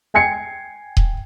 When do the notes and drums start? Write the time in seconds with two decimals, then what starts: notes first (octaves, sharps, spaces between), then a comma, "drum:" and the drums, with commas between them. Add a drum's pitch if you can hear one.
0.14 G5 G#5 G#6 C7 C#7
0.97 drum: kick D#1